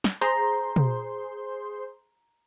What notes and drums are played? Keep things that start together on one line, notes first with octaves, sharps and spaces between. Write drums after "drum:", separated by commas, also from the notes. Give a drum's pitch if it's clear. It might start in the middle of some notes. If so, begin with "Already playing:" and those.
drum: snare
G#4 C5 A#5 C6, drum: hi-hat
drum: tom